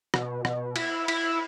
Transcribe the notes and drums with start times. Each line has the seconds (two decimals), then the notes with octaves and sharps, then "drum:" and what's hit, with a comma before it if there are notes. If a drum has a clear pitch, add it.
0.14 B2, drum: rim click
0.45 B2, drum: rim click
0.76 E4, drum: cymbal
1.08 E4, drum: cymbal